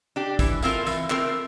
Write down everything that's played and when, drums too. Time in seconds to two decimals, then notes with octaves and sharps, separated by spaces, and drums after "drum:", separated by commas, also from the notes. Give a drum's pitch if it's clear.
0.16 D4 G4
0.39 E3, drum: kick, tambourine
0.62 A3 C4 F4 A#4, drum: tambourine
0.86 E3, drum: tambourine
1.10 A3 C4 F4 A#4, drum: clap